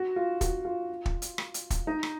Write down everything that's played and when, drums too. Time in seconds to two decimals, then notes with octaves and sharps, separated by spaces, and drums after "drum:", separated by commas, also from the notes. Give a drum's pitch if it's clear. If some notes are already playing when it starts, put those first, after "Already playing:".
Already playing: F#4
0.16 F4
0.41 F#4, drum: kick, hi-hat
0.65 F4
1.06 drum: kick
1.22 drum: hi-hat
1.38 drum: rim click
1.54 drum: hi-hat
1.70 drum: kick, hi-hat
1.87 D#4
2.03 drum: rim click